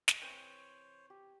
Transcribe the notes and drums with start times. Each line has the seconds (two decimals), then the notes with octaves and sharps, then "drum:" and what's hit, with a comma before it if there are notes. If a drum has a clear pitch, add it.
0.08 drum: snare
0.22 C3 E3 C5 C#5
1.10 G4